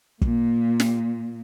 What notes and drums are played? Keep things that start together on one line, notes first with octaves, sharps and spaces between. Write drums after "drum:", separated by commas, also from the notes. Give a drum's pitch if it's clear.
A#2, drum: kick
drum: snare